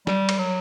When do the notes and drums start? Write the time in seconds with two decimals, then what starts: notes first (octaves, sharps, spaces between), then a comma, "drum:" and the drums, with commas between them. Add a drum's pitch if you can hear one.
0.07 G3, drum: snare
0.29 drum: cymbal
0.39 F#3